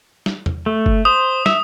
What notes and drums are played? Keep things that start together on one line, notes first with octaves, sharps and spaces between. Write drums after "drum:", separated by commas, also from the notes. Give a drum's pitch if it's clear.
drum: snare
drum: tom E2
A3
drum: kick F#1
C5 D#6
E5, drum: snare